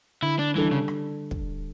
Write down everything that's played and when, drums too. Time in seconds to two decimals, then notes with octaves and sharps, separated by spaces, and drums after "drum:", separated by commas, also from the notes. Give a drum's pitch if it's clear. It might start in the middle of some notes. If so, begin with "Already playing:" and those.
0.22 D3 E4
0.39 D4
0.55 E3 G3 D4 A4
0.71 C#3
0.88 drum: rim click
1.31 drum: kick